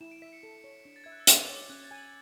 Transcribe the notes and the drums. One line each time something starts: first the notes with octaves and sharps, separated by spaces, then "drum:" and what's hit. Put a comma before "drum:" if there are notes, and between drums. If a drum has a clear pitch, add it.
E4 E7
D7
E5 B6
C#7
A4 C#7
C#5
D4
A6
E5 G#6
F#6
E6
F#4 D6, drum: hi-hat
D6
C#5
D6
C#4 F#6
A6
G#5
F#7